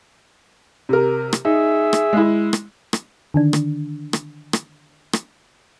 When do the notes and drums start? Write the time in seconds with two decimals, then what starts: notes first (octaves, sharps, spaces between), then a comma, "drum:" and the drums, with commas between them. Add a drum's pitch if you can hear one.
0.89 C3 A#4
1.33 drum: rim click
1.45 D#4 G#4 E5
1.93 drum: rim click
2.13 G#3 E4
2.53 drum: rim click
2.93 drum: rim click
3.34 D3 D#3 D4
3.53 drum: rim click
4.13 drum: rim click
4.53 drum: rim click
5.13 drum: rim click